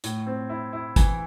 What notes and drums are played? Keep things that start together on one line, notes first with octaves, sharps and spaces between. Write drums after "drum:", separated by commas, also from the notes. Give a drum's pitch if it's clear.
A2, drum: hi-hat
C4
E4
E4
E3, drum: kick, hi-hat